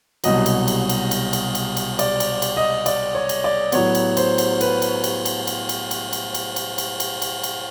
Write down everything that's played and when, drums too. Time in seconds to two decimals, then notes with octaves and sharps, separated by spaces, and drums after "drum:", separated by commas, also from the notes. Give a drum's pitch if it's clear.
0.24 C2 B2 F#3 D#5, drum: cymbal
0.46 drum: cymbal
0.68 drum: cymbal
0.89 drum: cymbal
1.11 drum: cymbal
1.33 drum: cymbal
1.55 drum: cymbal
1.77 drum: cymbal
1.99 D5, drum: cymbal
2.20 drum: cymbal
2.42 drum: cymbal
2.57 D#5
2.86 D5, drum: cymbal
3.15 C#5
3.29 drum: cymbal
3.44 D5
3.72 A2 F#3 B3 C#5, drum: cymbal
3.95 drum: cymbal
4.17 C5, drum: cymbal
4.38 drum: cymbal
4.61 B4, drum: cymbal
4.82 drum: cymbal
5.04 drum: cymbal
5.26 drum: cymbal
5.47 drum: cymbal
5.69 drum: cymbal
5.91 drum: cymbal
6.13 drum: cymbal
6.35 drum: cymbal
6.56 drum: cymbal
6.78 drum: cymbal
7.00 drum: cymbal
7.22 drum: cymbal
7.44 drum: cymbal